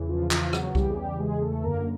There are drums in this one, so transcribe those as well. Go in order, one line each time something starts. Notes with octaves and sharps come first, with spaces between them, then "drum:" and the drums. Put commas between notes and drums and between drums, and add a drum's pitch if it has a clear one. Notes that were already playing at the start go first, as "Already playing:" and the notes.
Already playing: E2 C#3 E3
F3 F4
F3 F4, drum: clap
F#3 F#4, drum: rim click
E2 C#3 E3 G3 G4, drum: kick C2
G#4
G3 G4
G#3 G#4
A3 A4
F#2 D3 A#3 A#4